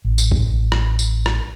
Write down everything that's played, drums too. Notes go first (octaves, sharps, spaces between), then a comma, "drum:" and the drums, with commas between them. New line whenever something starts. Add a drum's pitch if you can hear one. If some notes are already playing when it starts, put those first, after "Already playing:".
A1
drum: tambourine
drum: kick
drum: rim click
drum: tambourine
drum: rim click